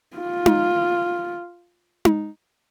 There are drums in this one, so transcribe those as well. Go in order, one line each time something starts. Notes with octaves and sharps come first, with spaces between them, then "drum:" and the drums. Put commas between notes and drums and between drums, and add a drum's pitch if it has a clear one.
F4
drum: tom D#4
drum: tom D#4